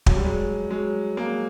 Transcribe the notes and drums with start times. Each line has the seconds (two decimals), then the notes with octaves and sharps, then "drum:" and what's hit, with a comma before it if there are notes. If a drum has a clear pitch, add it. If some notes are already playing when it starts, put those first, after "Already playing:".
0.06 F#3, drum: kick
0.16 G3
0.24 F#3 G#3
0.70 F#3 G#3
1.17 G#3 A#3